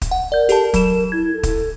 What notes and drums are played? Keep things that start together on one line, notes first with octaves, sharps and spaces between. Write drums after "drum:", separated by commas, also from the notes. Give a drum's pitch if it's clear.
drum: kick, hi-hat
F#5
A#4 D5 G6
G4 A4 A5, drum: hi-hat
F#3 E7, drum: kick, hi-hat
E4 G#6
A4
drum: kick, hi-hat